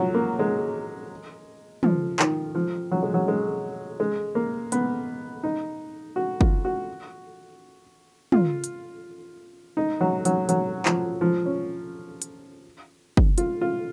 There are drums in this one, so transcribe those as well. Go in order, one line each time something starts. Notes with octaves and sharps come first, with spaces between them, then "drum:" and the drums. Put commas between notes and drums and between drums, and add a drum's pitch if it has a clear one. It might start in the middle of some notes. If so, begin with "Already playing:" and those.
Already playing: F3 F#3
A#3
G#3
F3, drum: tom
D#3, drum: clap
F3
F#3
G#3
F#3
G#3
G#3
A#3
B3, drum: hi-hat
D#4
F#4
F4, drum: kick
F#4
F4, drum: tom
drum: hi-hat
D#4
F#3
F#3, drum: hi-hat
F#3, drum: hi-hat
F3, drum: clap
F3
C#4
drum: hi-hat
drum: kick
F4, drum: hi-hat
F4